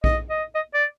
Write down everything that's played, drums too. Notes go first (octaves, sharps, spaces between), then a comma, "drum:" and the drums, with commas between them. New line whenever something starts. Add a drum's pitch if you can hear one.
D#5, drum: kick A#1
D#5
D#5
D5